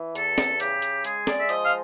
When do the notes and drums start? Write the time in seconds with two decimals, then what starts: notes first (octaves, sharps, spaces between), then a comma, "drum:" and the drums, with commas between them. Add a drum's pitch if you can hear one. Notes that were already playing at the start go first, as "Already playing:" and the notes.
Already playing: E3
0.15 E2 A4, drum: hi-hat
0.38 drum: snare
0.60 C#3 G4, drum: hi-hat
0.82 drum: hi-hat
1.05 G#3 G#4, drum: hi-hat
1.27 D5, drum: snare
1.40 E5
1.49 F3 D#5, drum: hi-hat
1.64 F5